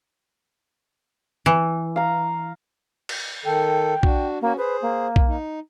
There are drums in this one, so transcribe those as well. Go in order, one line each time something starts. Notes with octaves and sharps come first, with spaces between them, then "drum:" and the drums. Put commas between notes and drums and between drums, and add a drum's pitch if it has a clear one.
E3
F5 A#5
drum: cymbal
D#3 A4 G5
D4 F#4, drum: kick
A#3 C#4 F#4
G#4 B4 C5
A#3
drum: kick
D#4